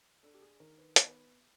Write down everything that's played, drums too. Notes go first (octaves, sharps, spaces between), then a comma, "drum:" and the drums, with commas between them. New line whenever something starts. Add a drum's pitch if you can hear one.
D4 A4
G4
G#4
D#3 A#4
B4
B3 B4, drum: hi-hat